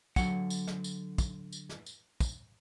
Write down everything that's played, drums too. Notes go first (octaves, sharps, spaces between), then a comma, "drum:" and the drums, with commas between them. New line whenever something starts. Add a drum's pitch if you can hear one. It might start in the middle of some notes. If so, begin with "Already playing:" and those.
D3 F#3 F#5, drum: kick, tambourine
drum: tambourine
drum: snare
drum: tambourine
drum: kick, tambourine
drum: tambourine
drum: snare
drum: tambourine
drum: kick, tambourine